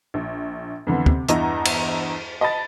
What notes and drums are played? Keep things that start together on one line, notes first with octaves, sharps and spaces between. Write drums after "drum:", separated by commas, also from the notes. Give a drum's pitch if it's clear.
A#1
F2 D3 E3 B3
C3, drum: kick
E2 G2 E4 D#5 A#5, drum: hi-hat
drum: cymbal
D#5 A5 B5 A6